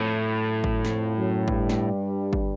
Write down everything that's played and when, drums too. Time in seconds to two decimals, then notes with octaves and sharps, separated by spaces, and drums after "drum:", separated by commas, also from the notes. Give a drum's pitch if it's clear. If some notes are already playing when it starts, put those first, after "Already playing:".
Already playing: F2 A2 F3
0.22 F#2 F#3
0.64 drum: kick
0.85 F2 F3, drum: snare
1.17 F#2 F#3
1.48 G2 G3, drum: kick
1.69 drum: snare
2.33 drum: kick